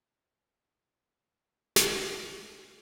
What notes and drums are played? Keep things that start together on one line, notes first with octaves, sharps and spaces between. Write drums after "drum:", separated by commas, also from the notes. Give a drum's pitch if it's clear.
A5, drum: snare